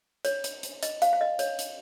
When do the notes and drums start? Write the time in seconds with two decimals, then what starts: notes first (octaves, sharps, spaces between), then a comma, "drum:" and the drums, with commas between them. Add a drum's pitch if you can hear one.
0.25 C#5, drum: hi-hat
0.44 drum: hi-hat
0.63 drum: hi-hat
0.83 D#5, drum: hi-hat
1.02 F5, drum: hi-hat
1.13 F5
1.21 D#5
1.39 C#5, drum: hi-hat
1.59 drum: hi-hat